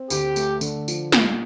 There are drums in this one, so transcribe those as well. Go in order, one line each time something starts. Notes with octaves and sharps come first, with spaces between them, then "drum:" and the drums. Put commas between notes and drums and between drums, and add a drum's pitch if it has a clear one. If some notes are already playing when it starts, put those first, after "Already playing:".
Already playing: C4
D2 G4, drum: tambourine
A3, drum: tambourine
D3, drum: tambourine
F3, drum: tambourine
A#2, drum: snare